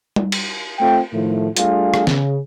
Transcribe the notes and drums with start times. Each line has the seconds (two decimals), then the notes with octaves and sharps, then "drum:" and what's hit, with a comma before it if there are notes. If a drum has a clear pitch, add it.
0.16 drum: tom G3
0.32 drum: cymbal
0.79 A3 C4 F4 G5
1.13 A2 D#3 F3 A3
1.57 G3 A3 D4 F4 G#4 F5, drum: hi-hat
1.94 drum: rim click
2.07 C#3, drum: snare